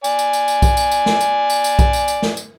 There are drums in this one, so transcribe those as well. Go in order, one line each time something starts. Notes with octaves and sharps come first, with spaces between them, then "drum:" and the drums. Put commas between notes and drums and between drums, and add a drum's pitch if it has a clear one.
D5 G#5, drum: tambourine
drum: tambourine
drum: tambourine
drum: tambourine
drum: kick B1, tambourine
drum: tambourine
drum: tambourine
drum: snare
drum: tambourine
drum: tambourine
drum: tambourine
drum: kick B1, tambourine
drum: tambourine
drum: tambourine
drum: snare
drum: tambourine